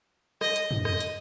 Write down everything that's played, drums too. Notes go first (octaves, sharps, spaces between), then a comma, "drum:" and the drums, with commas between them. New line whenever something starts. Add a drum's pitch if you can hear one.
D#5, drum: rim click
drum: hi-hat
drum: tom
D#5, drum: rim click
drum: hi-hat